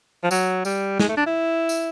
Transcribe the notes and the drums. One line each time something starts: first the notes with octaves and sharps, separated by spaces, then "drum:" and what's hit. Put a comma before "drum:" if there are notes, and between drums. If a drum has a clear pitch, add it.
F3
F#3, drum: tambourine
G3, drum: tambourine
G#3, drum: snare
A3
D4
E4
drum: tambourine